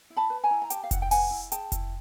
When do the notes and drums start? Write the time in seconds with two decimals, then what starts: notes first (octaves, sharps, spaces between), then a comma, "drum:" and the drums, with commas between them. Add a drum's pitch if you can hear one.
0.10 E4
0.17 A5 B5
0.30 B4
0.44 G#5 A#5
0.51 E4
0.62 A#5
0.70 G4 G5 A5, drum: hi-hat
0.84 F5
0.91 E4 F#5, drum: kick F1, hi-hat
1.02 G5
1.11 B4 F#5 G#5, drum: open hi-hat
1.31 E4
1.52 G#4 G5 A5, drum: hi-hat
1.72 E4, drum: kick F1, hi-hat